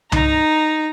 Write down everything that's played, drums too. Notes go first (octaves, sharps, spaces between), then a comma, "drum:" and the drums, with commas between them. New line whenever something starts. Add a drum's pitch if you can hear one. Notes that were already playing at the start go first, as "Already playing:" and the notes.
D#4 A#5, drum: tom C2